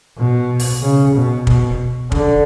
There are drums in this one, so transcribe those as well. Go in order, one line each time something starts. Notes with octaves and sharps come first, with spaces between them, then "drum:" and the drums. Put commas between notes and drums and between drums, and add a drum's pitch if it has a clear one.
B2
drum: open hi-hat
C#3
B2
B2, drum: kick
D3, drum: kick